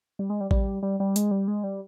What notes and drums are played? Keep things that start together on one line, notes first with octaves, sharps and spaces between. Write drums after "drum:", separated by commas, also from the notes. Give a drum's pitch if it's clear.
G3
G#3
G3
G3, drum: kick A1
G3
G3
G#3, drum: hi-hat
G3
G#3
G3